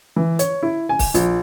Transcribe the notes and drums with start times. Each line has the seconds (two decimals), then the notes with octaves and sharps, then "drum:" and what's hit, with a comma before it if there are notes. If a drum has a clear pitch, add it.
0.16 E3
0.39 C#5, drum: hi-hat
0.63 E4
0.89 G#5
0.99 drum: kick, open hi-hat
1.14 A#1, drum: hi-hat